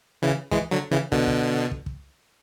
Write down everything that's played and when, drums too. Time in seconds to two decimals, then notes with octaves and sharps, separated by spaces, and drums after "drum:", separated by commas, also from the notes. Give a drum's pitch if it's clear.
0.22 C#3 E3
0.51 E3 G#3, drum: kick
0.71 D3 F#3
0.91 C#3 E3
1.12 B2 D3, drum: kick
1.27 drum: kick
1.71 drum: kick
1.86 drum: kick